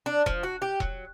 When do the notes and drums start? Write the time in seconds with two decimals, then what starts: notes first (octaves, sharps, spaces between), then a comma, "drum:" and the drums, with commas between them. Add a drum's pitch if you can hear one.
0.06 D4
0.26 F3, drum: kick E1
0.43 F#4
0.62 G4
0.80 F#3, drum: kick E1